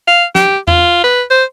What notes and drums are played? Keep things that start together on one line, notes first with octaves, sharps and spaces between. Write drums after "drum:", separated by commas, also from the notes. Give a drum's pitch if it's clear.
F5
G4, drum: snare
F4, drum: tom E2
B4
C5